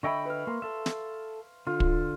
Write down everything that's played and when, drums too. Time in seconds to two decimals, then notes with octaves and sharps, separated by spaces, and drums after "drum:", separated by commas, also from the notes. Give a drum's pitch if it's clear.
0.03 D3 C#5 D#5 E5 G5 B5
0.25 B4 F5
0.47 A#3 C6
0.62 A4 E5
0.86 drum: snare
1.67 D3 F4
1.80 drum: kick